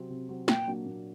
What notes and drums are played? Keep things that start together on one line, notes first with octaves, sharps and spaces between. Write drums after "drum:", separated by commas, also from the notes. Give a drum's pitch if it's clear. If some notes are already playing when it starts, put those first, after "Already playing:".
Already playing: C3 F#3 C4
C3
F#3 C4
A#2 G5, drum: snare
F#3 A#3 D4
A#2